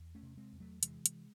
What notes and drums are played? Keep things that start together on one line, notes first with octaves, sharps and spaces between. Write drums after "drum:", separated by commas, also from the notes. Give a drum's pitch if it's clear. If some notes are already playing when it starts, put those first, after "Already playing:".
Already playing: E2
A3 C#4
C3
G#3 C4
E2
F#3 A3
C3 E3 G#3, drum: hi-hat
drum: hi-hat